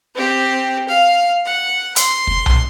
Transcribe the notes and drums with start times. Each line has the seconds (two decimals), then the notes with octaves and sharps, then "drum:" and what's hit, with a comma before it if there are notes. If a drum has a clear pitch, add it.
0.15 C4 G4
0.88 F5
1.45 F#5
1.96 C6, drum: hi-hat
2.27 drum: kick
2.46 drum: tom B1